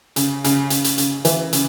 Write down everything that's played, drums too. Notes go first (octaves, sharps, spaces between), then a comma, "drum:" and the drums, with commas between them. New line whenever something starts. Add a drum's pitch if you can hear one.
C#3, drum: hi-hat
C#3, drum: hi-hat
C#3, drum: hi-hat
drum: hi-hat
C#3, drum: hi-hat
E3, drum: hi-hat
C#3, drum: hi-hat